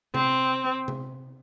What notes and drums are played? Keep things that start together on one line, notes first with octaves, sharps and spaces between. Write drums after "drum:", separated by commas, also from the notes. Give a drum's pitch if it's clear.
C4, drum: tom C3
drum: tom C3